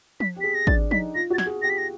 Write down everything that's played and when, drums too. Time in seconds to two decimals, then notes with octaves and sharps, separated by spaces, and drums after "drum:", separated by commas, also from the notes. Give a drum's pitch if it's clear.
0.20 B6, drum: tom F3
0.36 G4
0.41 G#4 B6
0.54 A#6
0.67 D4 A6, drum: kick
0.91 D#4 B6, drum: tom F3
1.15 F4 A#6
1.30 F#4 A6
1.38 G#6, drum: snare
1.46 G#4
1.62 G4 A#6
1.70 B6
1.78 A#6